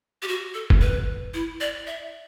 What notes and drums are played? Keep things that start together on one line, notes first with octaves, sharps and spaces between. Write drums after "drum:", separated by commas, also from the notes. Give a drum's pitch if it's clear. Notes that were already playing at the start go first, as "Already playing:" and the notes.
G4
F#4
A4
drum: kick
B4
E4
D5
E5